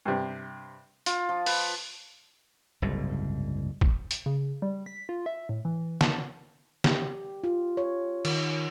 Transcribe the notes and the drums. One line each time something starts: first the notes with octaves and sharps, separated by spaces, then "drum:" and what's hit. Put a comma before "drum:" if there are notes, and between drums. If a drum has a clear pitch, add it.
G2 C3
F4, drum: hi-hat
F3
B4, drum: open hi-hat
F#1 C2 G#2
drum: kick A1
drum: hi-hat
C#3
G3
B6
F4
E5
A2
E3
A5, drum: snare
G4, drum: snare
F4
C#5
D#3, drum: cymbal